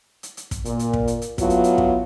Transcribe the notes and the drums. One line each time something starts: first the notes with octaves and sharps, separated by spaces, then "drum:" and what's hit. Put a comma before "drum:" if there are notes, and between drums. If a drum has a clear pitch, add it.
drum: hi-hat
drum: hi-hat
drum: kick, hi-hat
A#2, drum: hi-hat
drum: hi-hat
drum: kick
drum: hi-hat
drum: hi-hat
A2 F#3 B3 F4, drum: kick, hi-hat
drum: hi-hat
drum: hi-hat
drum: kick